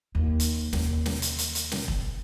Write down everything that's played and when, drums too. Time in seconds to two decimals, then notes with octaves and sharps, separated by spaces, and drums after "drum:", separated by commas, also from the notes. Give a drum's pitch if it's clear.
0.15 D#2
0.40 drum: hi-hat
0.73 D#2, drum: snare
1.06 drum: snare
1.22 drum: hi-hat
1.39 drum: hi-hat
1.55 drum: hi-hat
1.72 drum: snare
1.88 drum: kick E1